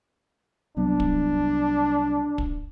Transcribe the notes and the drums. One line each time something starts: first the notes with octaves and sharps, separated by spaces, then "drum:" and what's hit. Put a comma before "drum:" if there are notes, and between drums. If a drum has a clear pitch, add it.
C2 F#3 B3 D4
drum: kick
drum: kick